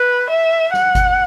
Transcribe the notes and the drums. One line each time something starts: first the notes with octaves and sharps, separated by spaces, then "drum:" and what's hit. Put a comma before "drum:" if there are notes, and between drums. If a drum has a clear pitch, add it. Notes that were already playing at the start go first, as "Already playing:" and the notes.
Already playing: B4
E5
F#5, drum: snare
drum: kick G1, hi-hat